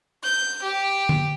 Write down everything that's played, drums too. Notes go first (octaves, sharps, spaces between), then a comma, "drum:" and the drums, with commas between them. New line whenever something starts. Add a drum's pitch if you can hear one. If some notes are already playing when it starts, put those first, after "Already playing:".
G6
G4
drum: tom D3